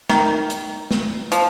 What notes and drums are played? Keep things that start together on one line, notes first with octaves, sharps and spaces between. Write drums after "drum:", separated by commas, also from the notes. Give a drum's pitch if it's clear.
D#3, drum: snare
drum: hi-hat
drum: snare
F3, drum: hi-hat